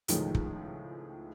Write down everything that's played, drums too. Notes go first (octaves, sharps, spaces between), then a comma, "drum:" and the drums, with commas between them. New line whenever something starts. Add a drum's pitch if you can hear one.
C#2 A2 D#3 F3 G#3, drum: hi-hat
drum: kick